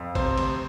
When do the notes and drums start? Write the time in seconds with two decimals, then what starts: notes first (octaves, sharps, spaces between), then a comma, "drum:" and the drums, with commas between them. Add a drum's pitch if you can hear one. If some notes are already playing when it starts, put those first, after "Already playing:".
Already playing: F2
0.15 C3 C5, drum: kick, cymbal
0.38 D2, drum: cymbal